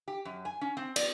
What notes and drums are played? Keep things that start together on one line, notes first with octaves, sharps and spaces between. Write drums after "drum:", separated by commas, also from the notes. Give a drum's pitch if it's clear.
G4
F#2
G#5
C#4
C4
D5, drum: cymbal